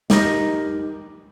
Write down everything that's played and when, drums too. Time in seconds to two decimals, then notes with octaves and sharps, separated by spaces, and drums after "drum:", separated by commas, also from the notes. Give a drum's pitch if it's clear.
0.10 D#4 G4 A#4 D#5, drum: snare